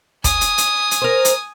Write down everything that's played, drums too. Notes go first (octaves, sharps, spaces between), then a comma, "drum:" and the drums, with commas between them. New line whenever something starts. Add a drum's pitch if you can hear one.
G#5 D#6, drum: kick, hi-hat
drum: hi-hat
drum: hi-hat
drum: hi-hat
A#4 C5
drum: hi-hat